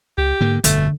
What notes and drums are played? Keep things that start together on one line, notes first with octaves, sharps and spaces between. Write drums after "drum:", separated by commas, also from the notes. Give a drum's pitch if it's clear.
C#2 G4
G#2 D3 A#3
G1 F2 B2 D3 A3, drum: hi-hat